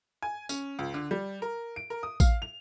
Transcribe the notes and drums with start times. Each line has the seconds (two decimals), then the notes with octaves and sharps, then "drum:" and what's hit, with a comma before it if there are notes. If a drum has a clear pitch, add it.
0.23 G#5
0.49 C#4, drum: tambourine
0.79 C#2
0.94 D3
1.11 G3
1.42 A#4
1.76 D7
1.90 A#4
2.03 D#6
2.20 F5, drum: kick A1, tambourine
2.42 F7